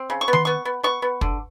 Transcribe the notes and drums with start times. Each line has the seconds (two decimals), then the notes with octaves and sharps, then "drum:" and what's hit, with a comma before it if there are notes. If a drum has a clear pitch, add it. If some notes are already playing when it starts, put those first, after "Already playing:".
Already playing: C4
0.10 C#3
0.21 C#6
0.28 B3
0.33 C6, drum: tom D#3
0.45 B3 C#6
0.65 B3
0.83 B3 C#6
1.02 B3
1.21 D3, drum: kick